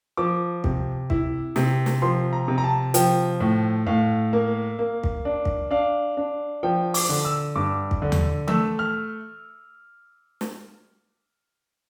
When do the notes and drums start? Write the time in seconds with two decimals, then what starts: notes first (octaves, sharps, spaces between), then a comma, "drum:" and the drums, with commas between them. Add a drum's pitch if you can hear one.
0.17 F3 D6
0.64 C3, drum: kick
1.10 E4, drum: kick
1.56 C3, drum: snare
1.86 drum: snare
2.02 F3 C6
2.33 A#5
2.48 C3
2.58 A#5
2.64 A5
2.94 F3 G5, drum: hi-hat
3.40 A2
3.86 A2 F5
4.33 A#3
4.79 A#3
5.04 drum: kick
5.25 D4
5.45 drum: kick
5.71 D4 F5
6.17 D4
6.63 F3 G5
6.94 D6, drum: open hi-hat
7.09 D3
7.25 E6
7.56 G2 D6
7.91 drum: kick
8.02 D3
8.12 drum: tom D#2
8.48 A3 E6, drum: tom E3
8.79 F6
10.41 drum: snare